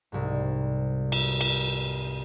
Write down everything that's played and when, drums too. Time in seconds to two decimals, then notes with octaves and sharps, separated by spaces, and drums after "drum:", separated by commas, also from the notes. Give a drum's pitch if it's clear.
0.12 C2 G#2
1.12 drum: cymbal
1.41 drum: cymbal